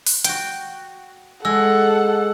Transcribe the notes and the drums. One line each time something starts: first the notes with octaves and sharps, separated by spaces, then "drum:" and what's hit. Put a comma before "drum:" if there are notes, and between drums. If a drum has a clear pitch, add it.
drum: open hi-hat
F#4 G5, drum: hi-hat
G#3 A4 F#5 E6